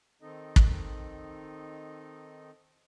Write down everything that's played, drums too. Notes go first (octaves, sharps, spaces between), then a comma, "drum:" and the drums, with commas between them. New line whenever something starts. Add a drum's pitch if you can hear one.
D#3 C4 D#4 A4 D#5
drum: kick